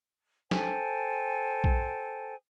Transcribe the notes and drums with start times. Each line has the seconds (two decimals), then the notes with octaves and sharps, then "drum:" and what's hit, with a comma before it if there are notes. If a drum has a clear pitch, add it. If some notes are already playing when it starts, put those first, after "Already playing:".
0.51 A4 C5 G5 G#5, drum: snare
1.64 drum: kick